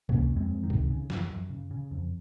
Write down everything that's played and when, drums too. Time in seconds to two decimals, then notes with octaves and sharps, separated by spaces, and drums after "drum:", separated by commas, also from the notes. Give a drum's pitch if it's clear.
0.09 C3 A#3 C#4, drum: kick C#2
0.29 F2
0.36 G#3 C4
0.49 F2
0.63 D#3
0.70 C3, drum: kick C#2
0.90 C#3
1.10 F#2, drum: snare
1.30 F#2
1.50 C#3
1.71 C#3
1.91 F2